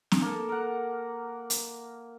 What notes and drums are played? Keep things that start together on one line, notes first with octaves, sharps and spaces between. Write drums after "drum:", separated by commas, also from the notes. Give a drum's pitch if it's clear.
drum: snare C4
A#3 A4
A#4 F#5
drum: hi-hat